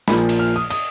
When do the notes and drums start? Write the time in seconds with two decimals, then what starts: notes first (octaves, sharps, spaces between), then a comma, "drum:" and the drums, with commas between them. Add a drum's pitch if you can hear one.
0.08 A#1 A#2 F3 B5, drum: snare
0.29 drum: cymbal
0.39 F6
0.56 D#6
0.70 D#6, drum: cymbal